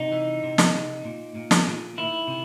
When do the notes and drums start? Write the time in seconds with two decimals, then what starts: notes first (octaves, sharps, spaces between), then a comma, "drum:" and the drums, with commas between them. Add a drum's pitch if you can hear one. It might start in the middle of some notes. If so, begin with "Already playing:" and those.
Already playing: C3 D#4
0.12 E3
0.43 C3
0.58 drum: snare
0.74 C3
1.04 A#2
1.35 A#2
1.51 drum: snare
1.66 A#2
1.98 D#3 E4
2.27 C3